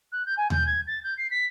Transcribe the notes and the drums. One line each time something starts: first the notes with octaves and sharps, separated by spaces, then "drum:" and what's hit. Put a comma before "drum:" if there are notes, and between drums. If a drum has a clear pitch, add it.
F#6
G6
G#5
G6, drum: tom D#2
G#6
A6
G6
C7
B6